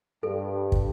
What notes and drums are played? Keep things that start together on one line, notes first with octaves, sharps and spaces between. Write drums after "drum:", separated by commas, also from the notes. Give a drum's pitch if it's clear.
G2 A4
drum: kick